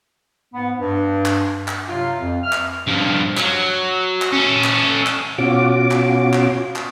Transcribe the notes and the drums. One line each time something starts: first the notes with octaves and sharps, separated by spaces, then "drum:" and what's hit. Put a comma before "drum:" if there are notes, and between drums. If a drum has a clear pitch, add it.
G#2 B3
G2
drum: clap
drum: clap
C3 F#3 F4
F2
E5 F6
drum: clap
G2 F3
F#3, drum: clap
drum: clap
C#4 A4
drum: clap
drum: clap
B2 C#4 F4 F#4 D6
drum: clap
drum: clap
drum: clap